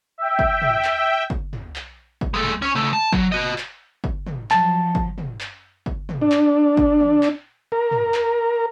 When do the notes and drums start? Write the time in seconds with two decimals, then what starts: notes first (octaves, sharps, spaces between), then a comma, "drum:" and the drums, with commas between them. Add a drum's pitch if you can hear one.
0.18 E5 G5
0.39 drum: kick G1
0.62 drum: tom
0.84 drum: clap
1.30 drum: kick G1
1.53 drum: tom
1.76 drum: clap
2.21 drum: kick G1
2.34 G#3 A3
2.44 drum: tom
2.62 C#4 C#5
2.75 C#2 A3
2.93 A5
3.13 F#3, drum: kick G1
3.32 F#4 D#5
3.58 drum: clap
4.04 drum: kick G1
4.27 drum: tom
4.51 F3 F#3 A5, drum: clap
4.95 drum: kick G1
5.18 drum: tom
5.41 drum: clap
5.86 drum: kick G1
6.09 drum: tom
6.21 D4
6.32 drum: clap
6.77 drum: kick G1
7.00 drum: tom
7.23 drum: clap
7.72 A#4
7.91 drum: tom
8.14 drum: clap